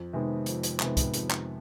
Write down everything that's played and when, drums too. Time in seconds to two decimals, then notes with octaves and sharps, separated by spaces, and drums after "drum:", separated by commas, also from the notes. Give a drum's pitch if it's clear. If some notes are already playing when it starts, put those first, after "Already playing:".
Already playing: F2
0.13 C3 D#3 G#3 B3
0.46 F2, drum: hi-hat
0.63 drum: hi-hat
0.80 C3 D#3 G#3 B3, drum: clap
0.97 drum: kick, hi-hat
1.14 F2, drum: hi-hat
1.30 drum: clap